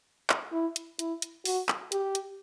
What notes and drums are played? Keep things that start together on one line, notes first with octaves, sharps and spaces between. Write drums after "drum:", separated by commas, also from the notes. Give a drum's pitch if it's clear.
drum: clap
E4
drum: hi-hat
E4, drum: hi-hat
drum: hi-hat
F#4, drum: open hi-hat
drum: clap
G4, drum: hi-hat
drum: hi-hat